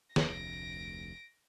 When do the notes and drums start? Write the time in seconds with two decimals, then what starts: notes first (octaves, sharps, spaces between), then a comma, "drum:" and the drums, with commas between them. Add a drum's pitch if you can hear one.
0.16 F1 D2 G#4 B4 C#5 A#6 D7, drum: snare